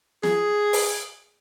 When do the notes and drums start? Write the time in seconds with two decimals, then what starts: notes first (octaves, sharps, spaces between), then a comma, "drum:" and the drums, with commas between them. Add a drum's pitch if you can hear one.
0.23 G#4, drum: snare
0.73 drum: open hi-hat